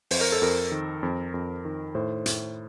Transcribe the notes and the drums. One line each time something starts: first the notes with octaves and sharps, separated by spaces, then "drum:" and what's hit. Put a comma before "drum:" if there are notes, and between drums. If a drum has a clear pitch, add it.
F2 C5, drum: open hi-hat
A#4
A4
F2 A#4
D#3
F2
F2
D#3
A2 C5
A2, drum: hi-hat